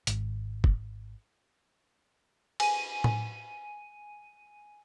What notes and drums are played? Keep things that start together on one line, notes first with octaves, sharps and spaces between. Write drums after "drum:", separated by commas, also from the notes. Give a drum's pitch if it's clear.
G#1, drum: hi-hat
drum: kick
G#5 D#7, drum: cymbal
drum: tom A2